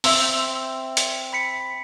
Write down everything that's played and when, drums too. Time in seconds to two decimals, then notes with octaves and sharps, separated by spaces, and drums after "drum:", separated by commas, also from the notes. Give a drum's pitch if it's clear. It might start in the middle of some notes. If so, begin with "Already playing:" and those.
0.04 C4 E5 C6 E6, drum: open hi-hat
0.97 drum: hi-hat
1.33 B5 B6 C#7